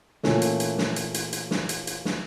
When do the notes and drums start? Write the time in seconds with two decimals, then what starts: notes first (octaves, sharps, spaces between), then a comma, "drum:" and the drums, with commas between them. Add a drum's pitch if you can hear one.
0.23 A#2 E3 A3 C#4, drum: snare
0.42 drum: hi-hat
0.60 drum: hi-hat
0.78 drum: snare
0.96 drum: hi-hat
1.14 drum: hi-hat
1.33 drum: hi-hat
1.51 drum: snare
1.69 drum: hi-hat
1.87 drum: hi-hat
2.05 drum: snare